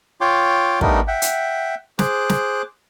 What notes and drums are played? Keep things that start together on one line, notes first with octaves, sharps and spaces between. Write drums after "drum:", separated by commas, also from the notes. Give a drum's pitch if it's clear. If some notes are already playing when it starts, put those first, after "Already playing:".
F4 C#5 G5 C6 D6
G3 A3 B3 D4 D#4 A#4, drum: kick
E5 F#5 G5
drum: hi-hat
G#4 C5 D6 F#6, drum: snare
drum: snare